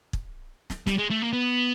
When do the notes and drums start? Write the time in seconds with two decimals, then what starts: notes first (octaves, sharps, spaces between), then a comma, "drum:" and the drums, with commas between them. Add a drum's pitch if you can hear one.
0.13 drum: kick
0.70 drum: snare
0.87 G3, drum: snare
0.98 G#3
1.10 A3
1.22 A#3
1.33 B3